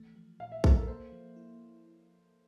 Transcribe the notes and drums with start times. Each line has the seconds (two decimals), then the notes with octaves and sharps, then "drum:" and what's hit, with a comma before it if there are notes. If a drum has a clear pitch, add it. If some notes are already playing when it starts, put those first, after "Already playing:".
Already playing: E3 A3
0.15 F3
0.40 A#2 F5
0.52 E5
0.64 A#2 A4, drum: kick B1
0.76 A#4
0.88 A#3 C5
1.12 F3
1.36 E4